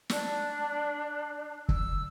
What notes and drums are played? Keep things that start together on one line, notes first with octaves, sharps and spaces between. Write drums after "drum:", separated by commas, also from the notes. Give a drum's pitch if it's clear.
D4, drum: snare
E6, drum: kick